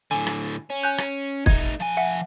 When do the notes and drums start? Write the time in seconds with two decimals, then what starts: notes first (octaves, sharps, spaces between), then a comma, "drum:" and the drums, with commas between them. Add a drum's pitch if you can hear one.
0.11 A2 D3 G#5
0.27 drum: rim click
0.70 C#4
0.83 G#5 F#6 G6
0.98 drum: rim click
1.46 A3 D#4 G#6, drum: kick
1.80 F3 G#5
1.97 E5 F#5